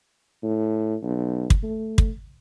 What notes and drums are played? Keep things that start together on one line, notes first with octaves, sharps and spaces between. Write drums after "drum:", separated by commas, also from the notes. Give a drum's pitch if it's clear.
A2
B1
drum: kick
A3
drum: kick